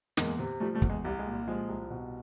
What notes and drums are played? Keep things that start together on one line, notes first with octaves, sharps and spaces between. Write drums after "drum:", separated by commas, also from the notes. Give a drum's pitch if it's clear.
E2 G#3 A#3, drum: snare
C3
F3 G3 A3
G3 A3
E2, drum: kick
G#3
C2 G3
G#3
A#2
G3
F3 G#3
C2
B2